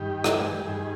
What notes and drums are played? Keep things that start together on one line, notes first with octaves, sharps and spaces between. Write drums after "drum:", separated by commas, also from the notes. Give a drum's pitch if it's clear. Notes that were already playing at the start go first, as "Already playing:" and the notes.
Already playing: G2 D#3 G4
A#4, drum: rim click
G#4
G4
G2 D#3 G#4